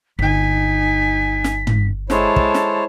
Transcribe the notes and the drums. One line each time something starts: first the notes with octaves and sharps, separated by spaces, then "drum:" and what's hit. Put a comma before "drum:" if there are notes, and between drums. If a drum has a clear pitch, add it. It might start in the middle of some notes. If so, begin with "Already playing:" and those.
G1 D#4 G#5 B6
drum: snare
drum: tom
G#3 E4 A4 C5 C#5 A5, drum: snare
drum: kick
drum: snare